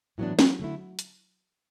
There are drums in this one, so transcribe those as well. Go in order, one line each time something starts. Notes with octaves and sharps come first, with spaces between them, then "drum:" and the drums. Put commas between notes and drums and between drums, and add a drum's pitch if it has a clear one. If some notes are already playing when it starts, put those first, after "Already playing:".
A2 E3 F#3 B3 D4
F#3, drum: snare C4
D3 A3 E4
drum: hi-hat